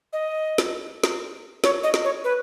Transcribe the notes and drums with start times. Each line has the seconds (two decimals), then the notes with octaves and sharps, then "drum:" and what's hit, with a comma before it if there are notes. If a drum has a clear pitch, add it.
0.13 D#5
0.58 drum: snare
1.04 drum: snare
1.64 C#5, drum: snare
1.83 D#5
1.94 drum: snare
2.04 C#5
2.24 B4